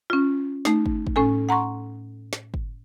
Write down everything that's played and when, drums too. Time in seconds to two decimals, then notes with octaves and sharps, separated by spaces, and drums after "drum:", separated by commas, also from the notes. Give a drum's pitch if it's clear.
0.10 C#4 F4
0.65 A3 D#4, drum: snare
0.86 drum: kick
1.07 drum: kick
1.16 A2 C#4 A4 G#5
1.49 F#5 A#5 C6 C#6
2.33 drum: snare
2.54 drum: kick